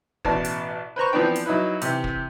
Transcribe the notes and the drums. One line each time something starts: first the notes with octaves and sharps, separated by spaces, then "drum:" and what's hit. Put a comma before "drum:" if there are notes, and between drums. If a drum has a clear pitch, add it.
A1 B2 D5 A5, drum: kick
drum: hi-hat
B4 C5 A#5 C#6
E3 F3 B3 C4 D4 G5
drum: hi-hat
F#3 D#4 E4 B4
C3 E3 G4, drum: hi-hat
drum: kick